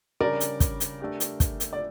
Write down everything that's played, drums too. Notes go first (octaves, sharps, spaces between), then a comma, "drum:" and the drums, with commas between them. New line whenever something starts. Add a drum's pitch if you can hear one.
C#3 G3 D4 A#4 D5
drum: hi-hat
drum: kick, hi-hat
drum: hi-hat
A3 D4 G4 D5
drum: hi-hat
drum: kick, hi-hat
drum: hi-hat
D5